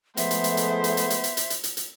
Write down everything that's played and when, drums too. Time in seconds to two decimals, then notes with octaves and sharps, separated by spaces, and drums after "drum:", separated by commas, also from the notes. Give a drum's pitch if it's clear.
0.17 F3 G#3 A3 B3 C5 E5, drum: hi-hat
0.31 drum: hi-hat
0.44 drum: hi-hat
0.57 drum: hi-hat
0.84 drum: hi-hat
0.97 drum: hi-hat
1.10 drum: hi-hat
1.24 drum: hi-hat
1.37 drum: hi-hat
1.50 drum: hi-hat
1.64 drum: hi-hat
1.77 drum: hi-hat